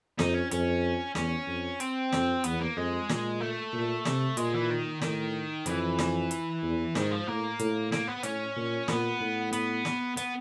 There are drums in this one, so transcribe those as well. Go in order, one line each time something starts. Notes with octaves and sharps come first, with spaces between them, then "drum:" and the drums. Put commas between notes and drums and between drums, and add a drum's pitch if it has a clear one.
F2 D#4, drum: snare
C#4
F2 C#4, drum: hi-hat
E2 C#4, drum: snare
F2
C4, drum: hi-hat
F2, drum: snare
E2 B3, drum: hi-hat
A#3
F2 G#3
A#2, drum: snare
A3
A#2
C3, drum: snare
A#2 G#3, drum: hi-hat
E3
D#3
A2 D#3, drum: snare
F2 E3, drum: hi-hat
drum: snare
drum: hi-hat
E2
G#2 D#3, drum: snare
F3
A2 A#3
A2, drum: hi-hat
A#3, drum: snare
B3
A2 C#4, drum: hi-hat
A#2
A#2 B3, drum: snare
A2
B3, drum: hi-hat
drum: snare
B3, drum: hi-hat